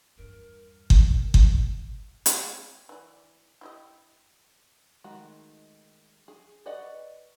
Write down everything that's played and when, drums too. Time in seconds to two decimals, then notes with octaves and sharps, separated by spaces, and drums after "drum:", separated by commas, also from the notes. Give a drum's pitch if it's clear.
0.18 E2 G2 A#4
0.90 drum: kick G1
1.34 drum: kick G1
2.26 G#3 C#4 G5, drum: hi-hat
2.89 E3 D5
3.61 E4 G4 D#5
5.04 D#3 G#3 A3 F#4
6.28 G#4
6.66 F#4 B4 D5 D#5 F#5